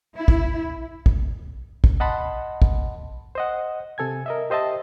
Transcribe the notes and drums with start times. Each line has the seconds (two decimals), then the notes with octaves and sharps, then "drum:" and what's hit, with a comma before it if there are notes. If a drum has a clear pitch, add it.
0.16 E4
0.28 drum: kick
1.06 drum: kick
1.84 drum: kick
2.00 D#5 F#5 A5 B5 C6
2.62 drum: kick
3.35 C5 D#5 F#5
3.98 C3 A4 G#5 G#6
4.26 A#4 D#5 E5
4.50 G4 C5 D#5 E5 A5